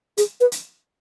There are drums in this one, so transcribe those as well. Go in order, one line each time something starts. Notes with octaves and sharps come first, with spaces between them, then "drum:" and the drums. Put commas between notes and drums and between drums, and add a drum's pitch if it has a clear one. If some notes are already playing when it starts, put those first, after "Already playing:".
G#4, drum: hi-hat
B4
drum: hi-hat